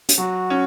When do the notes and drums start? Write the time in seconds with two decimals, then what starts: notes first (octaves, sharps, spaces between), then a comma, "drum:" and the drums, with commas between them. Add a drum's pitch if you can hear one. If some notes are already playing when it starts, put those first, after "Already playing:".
0.09 drum: hi-hat
0.18 F#3 F#4
0.50 C#4